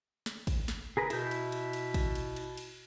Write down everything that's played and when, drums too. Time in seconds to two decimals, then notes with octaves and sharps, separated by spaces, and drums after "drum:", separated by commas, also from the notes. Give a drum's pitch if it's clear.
0.26 drum: snare
0.47 drum: kick, cymbal
0.68 drum: snare
0.97 G#4 A#4 B4
1.10 B2 E4 G6, drum: cymbal
1.31 drum: cymbal
1.52 drum: cymbal
1.73 drum: cymbal
1.94 drum: kick, cymbal
2.15 drum: cymbal
2.36 drum: cymbal
2.57 drum: cymbal